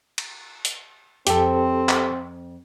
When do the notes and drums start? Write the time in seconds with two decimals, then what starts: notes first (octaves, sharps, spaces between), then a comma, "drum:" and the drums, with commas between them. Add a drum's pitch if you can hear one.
0.18 drum: cymbal
0.65 drum: hi-hat
1.27 F2 C4 G4 A4 G5, drum: hi-hat
1.89 drum: clap